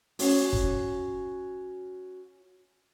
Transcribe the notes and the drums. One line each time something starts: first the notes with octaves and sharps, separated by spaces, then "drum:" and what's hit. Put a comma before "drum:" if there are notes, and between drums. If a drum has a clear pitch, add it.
C#4 F#4, drum: open hi-hat
drum: kick F#1